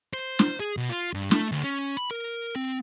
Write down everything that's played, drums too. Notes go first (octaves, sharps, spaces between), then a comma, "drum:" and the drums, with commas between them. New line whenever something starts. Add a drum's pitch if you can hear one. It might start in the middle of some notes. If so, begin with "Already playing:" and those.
C5
drum: snare
G#4
B2
F4
G2
A3, drum: snare
D2
C#4
B5
A#4
C4